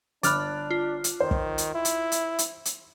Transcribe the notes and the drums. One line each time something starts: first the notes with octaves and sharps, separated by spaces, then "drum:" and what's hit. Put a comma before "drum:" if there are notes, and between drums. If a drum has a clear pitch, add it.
G1 D4 B5 D6 F6 F#6 A6, drum: hi-hat
F4
drum: hi-hat
D#3 C5
drum: kick
drum: hi-hat
E4
drum: hi-hat
drum: hi-hat
drum: hi-hat
drum: hi-hat